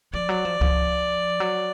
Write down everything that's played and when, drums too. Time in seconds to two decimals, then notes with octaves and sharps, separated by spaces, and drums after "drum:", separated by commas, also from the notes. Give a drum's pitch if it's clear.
0.13 F3 D5
0.29 F#3
0.45 F3
0.61 F3, drum: kick C#2
1.40 F#3